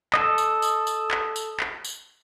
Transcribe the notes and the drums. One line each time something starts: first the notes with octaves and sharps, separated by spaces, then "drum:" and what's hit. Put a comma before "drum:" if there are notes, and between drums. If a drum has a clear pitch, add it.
A4 D#5, drum: clap
drum: tambourine
drum: tambourine
drum: tambourine
drum: clap
drum: tambourine
drum: clap
drum: tambourine